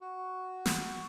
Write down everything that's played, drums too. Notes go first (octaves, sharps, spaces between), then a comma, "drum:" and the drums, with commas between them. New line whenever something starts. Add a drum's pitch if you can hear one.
F#4
drum: snare